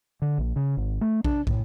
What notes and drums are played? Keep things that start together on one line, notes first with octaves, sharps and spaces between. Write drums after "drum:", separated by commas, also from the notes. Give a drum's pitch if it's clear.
D3
A#1
C#3
G#1
A3
D4, drum: kick
A2, drum: kick